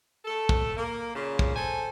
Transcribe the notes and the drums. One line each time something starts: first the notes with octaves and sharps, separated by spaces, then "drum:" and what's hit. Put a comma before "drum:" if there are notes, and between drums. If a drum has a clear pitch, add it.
A3 A4
drum: kick
A#3
A#2 C#3
drum: kick
A4 C5 G#5